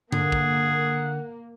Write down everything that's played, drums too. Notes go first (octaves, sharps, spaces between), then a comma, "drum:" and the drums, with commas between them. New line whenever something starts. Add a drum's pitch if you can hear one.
D3 A#3 G#4 F#5, drum: tom G2
drum: kick